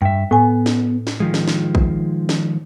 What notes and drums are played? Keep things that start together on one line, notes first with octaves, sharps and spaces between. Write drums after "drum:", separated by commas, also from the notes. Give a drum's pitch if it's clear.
G2 E5 G5
A2 B3 G#5
drum: snare
drum: snare
D#3 F3 G#3
drum: snare
drum: snare
drum: kick
drum: snare